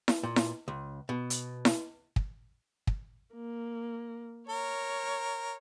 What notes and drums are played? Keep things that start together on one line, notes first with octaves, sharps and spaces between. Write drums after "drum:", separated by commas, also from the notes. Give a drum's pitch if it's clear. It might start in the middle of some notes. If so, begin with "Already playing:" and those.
drum: snare E4
A#2
drum: snare E4
C#2
B2
drum: hi-hat
drum: snare E4
drum: kick
drum: kick
A#3
A#4 C#5